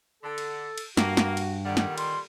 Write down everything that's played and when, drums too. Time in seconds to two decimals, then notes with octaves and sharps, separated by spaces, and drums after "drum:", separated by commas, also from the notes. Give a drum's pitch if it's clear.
0.23 D3 A4
0.38 drum: cymbal
0.78 drum: cymbal
0.97 G2 A#3 F#4, drum: snare
1.17 drum: snare
1.37 drum: cymbal
1.65 A#2 D3 D#3 G3 F#5
1.77 drum: snare
1.98 C6, drum: cymbal